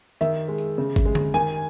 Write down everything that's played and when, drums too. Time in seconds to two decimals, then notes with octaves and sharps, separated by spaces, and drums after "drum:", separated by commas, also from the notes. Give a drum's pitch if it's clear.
0.21 D#3 E5, drum: tambourine
0.48 G#3
0.58 drum: tambourine
0.78 C#3
0.96 drum: kick G#1, tambourine
1.05 G#3
1.15 drum: tom D3
1.34 D#3 G#5, drum: tambourine